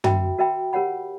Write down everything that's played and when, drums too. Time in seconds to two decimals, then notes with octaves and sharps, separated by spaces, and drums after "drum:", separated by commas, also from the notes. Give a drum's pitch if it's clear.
0.04 F#4 A#4 E5 G5 B5, drum: tom
0.39 F#4 A#4 E5 G5 B5
0.73 G4 A#4 C#5 F#5 B5